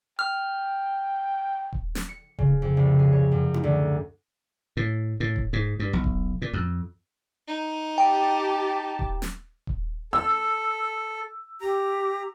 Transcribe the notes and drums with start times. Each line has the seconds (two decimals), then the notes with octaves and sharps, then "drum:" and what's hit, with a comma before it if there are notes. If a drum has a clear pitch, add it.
0.19 G5 F6
1.73 drum: kick D#1
1.95 drum: snare
2.09 C#7
2.39 C#3, drum: kick D#1
2.62 F2
2.77 C2
2.99 G#4
3.12 C#5
3.31 F#2
3.54 drum: tom D#4
3.63 D2
4.77 A2
5.20 A2
5.36 drum: kick D#1
5.53 G#2
5.80 G2
5.93 B1
6.04 drum: kick D#1
6.42 A#2
6.53 F2
7.48 D#4
7.98 G4 G5 A5
8.99 drum: kick D#1
9.22 drum: snare
9.67 drum: kick D#1
10.13 A4 E6
11.61 G4 A#5